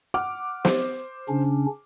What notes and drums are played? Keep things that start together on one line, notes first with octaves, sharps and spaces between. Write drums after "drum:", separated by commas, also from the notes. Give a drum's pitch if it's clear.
F#5 D6 F6
C5, drum: snare
C#3 C#4 D4